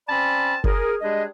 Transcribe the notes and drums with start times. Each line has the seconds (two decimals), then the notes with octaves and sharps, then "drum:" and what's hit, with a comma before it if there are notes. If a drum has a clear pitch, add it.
0.08 C4 C#4 D5 A5 B5
0.64 G#4 A#4, drum: kick F#1
1.02 G3 G#3 D4 G#4 D#5